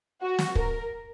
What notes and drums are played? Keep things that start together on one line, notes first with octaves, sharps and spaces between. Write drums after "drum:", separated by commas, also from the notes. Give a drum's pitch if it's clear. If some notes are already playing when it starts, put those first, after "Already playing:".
F#4
drum: snare
A#4, drum: kick